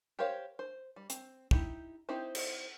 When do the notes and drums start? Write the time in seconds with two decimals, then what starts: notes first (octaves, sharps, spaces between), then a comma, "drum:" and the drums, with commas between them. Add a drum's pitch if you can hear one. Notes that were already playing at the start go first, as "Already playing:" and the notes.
0.19 G4 A#4 C5 C#5 F5
0.59 C5
0.96 G3
1.10 C4, drum: hi-hat
1.51 D#4 E4 G4, drum: kick
2.09 C4 D#4 E4 G4 C5
2.35 drum: cymbal